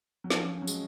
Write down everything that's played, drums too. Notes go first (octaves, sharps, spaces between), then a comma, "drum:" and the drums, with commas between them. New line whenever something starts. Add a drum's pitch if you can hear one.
F#3
F3 B3, drum: snare
D#4
C#4
C#4
F#3
G#3, drum: tambourine